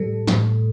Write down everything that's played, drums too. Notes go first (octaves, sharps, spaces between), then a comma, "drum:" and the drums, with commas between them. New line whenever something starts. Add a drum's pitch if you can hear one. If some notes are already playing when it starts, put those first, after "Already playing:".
Already playing: A2 G3 A4
A2, drum: snare